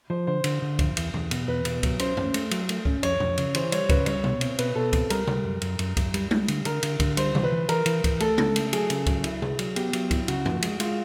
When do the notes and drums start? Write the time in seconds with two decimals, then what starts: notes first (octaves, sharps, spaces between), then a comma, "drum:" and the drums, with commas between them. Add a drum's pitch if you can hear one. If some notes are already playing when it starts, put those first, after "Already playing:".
0.10 F3 C5
0.27 D3 C5
0.44 D3, drum: cymbal
0.62 D3
0.79 F2, drum: kick C#2, cymbal
0.97 E2, drum: cymbal
1.14 E2, drum: tom B2
1.31 B2, drum: cymbal
1.48 E2 B4
1.65 B2, drum: cymbal
1.83 F#3, drum: kick C#2, cymbal
1.99 C#4 C5, drum: cymbal
2.17 C#4, drum: tom
2.34 A3, drum: cymbal
2.51 F#3, drum: cymbal
2.69 A3, drum: cymbal
2.85 C#4, drum: kick C#2
3.03 F2 C#5, drum: cymbal
3.20 F2, drum: tom B2
3.38 C#3, drum: cymbal
3.55 E3 C5, drum: cymbal
3.72 G3 C#5, drum: cymbal
3.89 C#3 B4, drum: kick C#2, cymbal
4.06 G3 C#5, drum: cymbal
4.24 B2, drum: tom C3
4.41 C4, drum: cymbal
4.59 B2 B4, drum: cymbal
4.75 B2 A4
4.93 C4 A4, drum: kick C#2, cymbal
5.10 G3 A#4, drum: cymbal
5.27 G3, drum: tom C3
5.44 F#2
5.62 F#2, drum: cymbal
5.79 F#2, drum: cymbal
5.97 F#2, drum: kick C#2, cymbal
6.14 G3, drum: cymbal
6.31 G3, drum: tom G#3
6.48 D3, drum: cymbal
6.65 D3 A#4, drum: cymbal
6.83 D3, drum: cymbal
7.00 D3, drum: kick C#2, cymbal
7.17 G3 C5, drum: cymbal
7.35 E3, drum: tom C3
7.43 B4
7.52 E3
7.69 E3 A#4, drum: cymbal
7.86 E3, drum: cymbal
8.04 E3, drum: kick C#2, cymbal
8.20 A3 A4, drum: cymbal
8.38 C#3, drum: tom G#3
8.56 A3, drum: cymbal
8.73 F#3 G#4, drum: cymbal
8.90 C#3, drum: cymbal
9.06 F#3, drum: kick C#2, cymbal
9.24 E4, drum: cymbal
9.42 G#4, drum: tom C3
9.59 F#3, drum: cymbal
9.76 B3 G4, drum: cymbal
9.93 F#3, drum: cymbal
10.11 E4, drum: kick C#2, cymbal
10.28 C#3 F#4, drum: cymbal
10.45 F3, drum: tom
10.62 G#3, drum: cymbal
10.80 G#3 F4, drum: cymbal